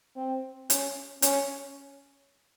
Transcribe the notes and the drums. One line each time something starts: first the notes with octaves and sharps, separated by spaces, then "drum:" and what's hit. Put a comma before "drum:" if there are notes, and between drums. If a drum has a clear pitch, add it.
C4
C#4, drum: hi-hat
C#4, drum: hi-hat